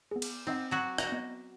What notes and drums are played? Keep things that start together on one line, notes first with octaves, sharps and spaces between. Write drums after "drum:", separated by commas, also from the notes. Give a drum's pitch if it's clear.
B3 G#4
drum: cymbal
C4 D#4 D#5 F#5
F#3 F#4
F#4 A#5, drum: rim click
B3 D#5 G#6